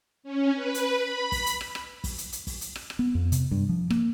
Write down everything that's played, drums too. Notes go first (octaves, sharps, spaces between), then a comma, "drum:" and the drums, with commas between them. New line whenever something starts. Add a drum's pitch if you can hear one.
C#4
B4
drum: hi-hat
B5
drum: kick, open hi-hat
drum: hi-hat
drum: rim click
drum: rim click
drum: kick, open hi-hat
drum: hi-hat
drum: hi-hat
drum: kick, open hi-hat
drum: hi-hat
drum: rim click
drum: rim click
B3
F2
C3, drum: hi-hat
G2
F3
A#3, drum: rim click